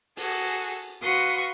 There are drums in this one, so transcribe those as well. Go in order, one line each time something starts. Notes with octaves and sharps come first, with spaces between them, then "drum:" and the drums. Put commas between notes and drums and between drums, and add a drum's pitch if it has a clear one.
F#4 G#4 A4, drum: open hi-hat
F#4 B4 F5 C6 C#6 D#6